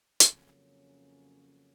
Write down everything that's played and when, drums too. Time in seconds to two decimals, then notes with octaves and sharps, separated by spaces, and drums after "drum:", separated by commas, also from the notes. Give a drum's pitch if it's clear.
0.20 F2 C#3 F#3 A#3 C#4, drum: hi-hat